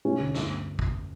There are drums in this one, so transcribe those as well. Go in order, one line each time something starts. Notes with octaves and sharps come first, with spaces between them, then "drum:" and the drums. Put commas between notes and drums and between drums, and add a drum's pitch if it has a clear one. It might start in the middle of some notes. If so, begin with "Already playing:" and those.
A3 C#4
D2
G2, drum: snare
drum: kick